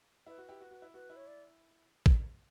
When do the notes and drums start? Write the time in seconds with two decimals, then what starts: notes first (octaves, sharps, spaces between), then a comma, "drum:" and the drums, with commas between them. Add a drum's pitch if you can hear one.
0.27 E4 B4
0.38 F#4
0.48 E4 G4
0.61 F#4
0.71 F#4
0.82 E4
0.94 F#4 B4
1.10 E4
1.16 C#5
1.27 D5
2.06 drum: kick